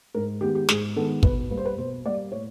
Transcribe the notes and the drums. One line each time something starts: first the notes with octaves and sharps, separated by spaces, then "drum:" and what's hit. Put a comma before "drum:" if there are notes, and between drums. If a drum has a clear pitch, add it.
G#2 A#4
D#3 G#3 B3 G4
G4
G#2 G#4, drum: snare
D#3 G#3 B3 A4
B2 B4, drum: kick
G3 A#3 B4
C5
B4
B2 C5
G3 A#3 D5
A2 C#5